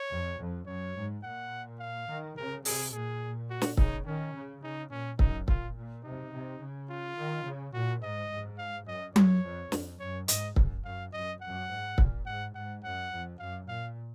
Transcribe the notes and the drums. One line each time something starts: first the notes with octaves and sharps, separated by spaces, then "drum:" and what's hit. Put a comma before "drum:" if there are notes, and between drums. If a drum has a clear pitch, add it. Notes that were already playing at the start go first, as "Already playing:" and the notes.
Already playing: C#5
F2
F2
F#2 C#5
G#2
A#2 F#5
F5
D#3
C#3 A#4
C3 G#4, drum: open hi-hat
A#2 G#4
F#4
drum: snare
C#3 D#4, drum: kick
D#3 C#4
C#3
C#3 D#4
A#2 C#4
F#2 D#4, drum: kick
A#2 F4, drum: kick
A#2
C3 D#4
C3
C#3
F4
D#3
C#3
A#2 F#4
G#2 D#5
G#2
F5
F#2 D#5
F#2 C#5, drum: tom F#3
F2
F2, drum: snare
F#2 C#5
G#2 D#5, drum: hi-hat
F#2, drum: kick
F#2 F5
F#2 D#5
F#2 F#5
G#2
A#2, drum: kick
G#2 F#5
G#2 F#5
F#2 F#5
F2
F#2 F5
A#2 F5